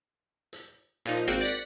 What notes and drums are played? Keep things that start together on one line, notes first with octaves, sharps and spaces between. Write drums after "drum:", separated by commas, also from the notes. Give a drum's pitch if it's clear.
drum: hi-hat
A#2 F3 D#4, drum: hi-hat
G#1 A#3 C4 F#4 G5
D5 F#6 A#6 B6 C#7